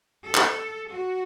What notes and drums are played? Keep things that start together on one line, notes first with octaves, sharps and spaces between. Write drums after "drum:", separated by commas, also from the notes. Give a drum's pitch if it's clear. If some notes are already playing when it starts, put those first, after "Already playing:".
A4
drum: clap
F#4